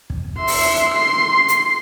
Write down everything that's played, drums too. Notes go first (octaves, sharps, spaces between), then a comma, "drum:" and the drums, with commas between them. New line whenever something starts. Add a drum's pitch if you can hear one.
drum: kick
E5 C6
drum: open hi-hat
C6 C7
drum: hi-hat